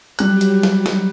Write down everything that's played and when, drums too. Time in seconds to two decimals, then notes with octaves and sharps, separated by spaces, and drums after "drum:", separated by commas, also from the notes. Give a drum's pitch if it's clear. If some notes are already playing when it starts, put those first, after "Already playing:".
0.19 F#3 G3 G4 F#6, drum: hi-hat
0.41 drum: hi-hat
0.63 drum: snare
0.86 drum: snare